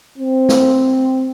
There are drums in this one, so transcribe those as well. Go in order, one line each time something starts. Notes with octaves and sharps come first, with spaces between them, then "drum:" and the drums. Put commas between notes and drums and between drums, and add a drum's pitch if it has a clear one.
C4
drum: snare